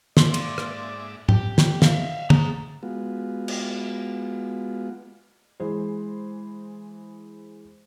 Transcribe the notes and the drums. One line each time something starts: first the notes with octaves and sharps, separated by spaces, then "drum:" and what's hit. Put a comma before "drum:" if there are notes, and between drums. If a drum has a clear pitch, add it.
G#2 A#3 D5 E5 C6 D6, drum: snare
drum: cymbal
drum: rim click
G4, drum: tom
drum: snare
E5 F5, drum: snare
G#4 A#5, drum: tom
G#3 B3 F4 F#4
drum: cymbal
E3 G#3 G#4 C5